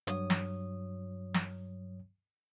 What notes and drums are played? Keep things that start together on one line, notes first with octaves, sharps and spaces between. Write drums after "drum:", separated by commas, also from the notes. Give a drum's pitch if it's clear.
G2 F#3 C#5 D#6, drum: hi-hat
drum: snare
drum: snare